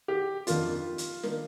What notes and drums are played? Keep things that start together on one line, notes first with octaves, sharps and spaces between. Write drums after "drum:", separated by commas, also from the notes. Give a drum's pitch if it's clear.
G4
F2 D#3 A#3 D4 F4, drum: hi-hat
drum: hi-hat
D#3 A#3 D4, drum: snare